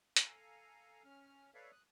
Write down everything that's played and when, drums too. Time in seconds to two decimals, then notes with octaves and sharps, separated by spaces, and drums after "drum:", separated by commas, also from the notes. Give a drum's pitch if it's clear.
0.16 A4 F5 G#5 A#5, drum: hi-hat
1.04 C#4 F6
1.54 A4 B4 C#5 D5 E5 F5
1.72 D#6 F#6